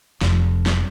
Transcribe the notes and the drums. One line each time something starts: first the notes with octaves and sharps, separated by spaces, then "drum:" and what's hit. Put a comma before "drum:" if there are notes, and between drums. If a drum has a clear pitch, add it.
F1 F2, drum: snare
drum: snare